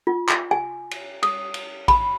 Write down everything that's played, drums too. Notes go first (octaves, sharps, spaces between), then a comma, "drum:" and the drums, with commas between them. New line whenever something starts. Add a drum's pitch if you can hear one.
F4
drum: clap
G#5
drum: cymbal
D#6, drum: cymbal
drum: cymbal
B5, drum: kick A1, cymbal